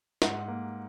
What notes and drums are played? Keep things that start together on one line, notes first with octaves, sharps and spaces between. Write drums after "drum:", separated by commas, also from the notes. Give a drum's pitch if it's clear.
G#2 F#5, drum: snare
A#3